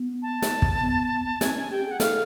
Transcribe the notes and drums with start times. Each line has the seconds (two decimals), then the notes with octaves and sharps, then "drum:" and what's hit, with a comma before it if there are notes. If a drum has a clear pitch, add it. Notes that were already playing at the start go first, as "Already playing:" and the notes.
Already playing: B3
0.22 A5
0.42 drum: snare
0.62 drum: kick
0.81 B3
1.41 C4 G#5, drum: snare
1.56 C#4
1.70 G4 G5
1.86 G#4
1.91 F#5
2.00 A4 F5, drum: snare